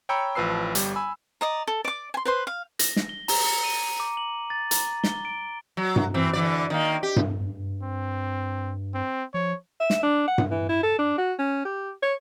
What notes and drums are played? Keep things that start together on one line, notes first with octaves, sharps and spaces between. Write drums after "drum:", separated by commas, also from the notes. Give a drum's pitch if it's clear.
C#5 G5 A#5 B5 E6 C#7
A1 F3 B4 E6 C7
G1 G3, drum: hi-hat
G#5 B5 E6
D5 D#5 A#5
A4
D5 D6
G#5 C6
B4 C5 C6
F5
A#6, drum: hi-hat
drum: snare
G7
A#5, drum: open hi-hat
C#7
D#7
D6
F#7
A6
A#5, drum: hi-hat
G7, drum: snare
D7
F#3
drum: tom G2
E3 C4
D3 E3 D5
D#3 A#3
G4
drum: tom G2
G2
C4
C4
F3 C#5
E5
drum: snare
D4
F#5
drum: tom G2
E3
E4
A4
D4
F#4
C#4
G4
C#5